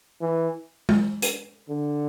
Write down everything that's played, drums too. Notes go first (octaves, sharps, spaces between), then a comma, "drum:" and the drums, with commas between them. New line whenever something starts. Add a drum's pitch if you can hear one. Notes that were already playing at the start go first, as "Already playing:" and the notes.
E3
drum: tom G#3
drum: hi-hat
D3